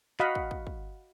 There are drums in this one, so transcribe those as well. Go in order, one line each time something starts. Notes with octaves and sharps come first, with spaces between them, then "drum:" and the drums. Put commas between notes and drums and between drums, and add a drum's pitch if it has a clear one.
F#4 D#5 F5 F#5 B5, drum: clap
drum: kick
drum: kick
drum: kick